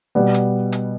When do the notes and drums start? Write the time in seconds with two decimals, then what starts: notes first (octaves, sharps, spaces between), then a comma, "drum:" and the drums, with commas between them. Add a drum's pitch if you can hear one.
0.15 B2 G3 B3
0.34 drum: hi-hat
0.72 drum: hi-hat